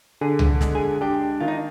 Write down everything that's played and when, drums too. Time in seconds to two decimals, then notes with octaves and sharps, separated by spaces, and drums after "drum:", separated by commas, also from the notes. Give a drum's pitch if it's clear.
0.21 D3 G#4
0.39 drum: tom C#2
0.61 G#3, drum: snare
0.75 G#4
1.01 D4 G4
1.40 D#3 F4
1.48 D#4